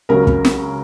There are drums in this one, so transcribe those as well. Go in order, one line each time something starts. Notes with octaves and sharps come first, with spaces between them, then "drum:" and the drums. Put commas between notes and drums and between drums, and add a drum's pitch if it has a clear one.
C#2 C#3 F#3 A#4 A#5
drum: kick
drum: snare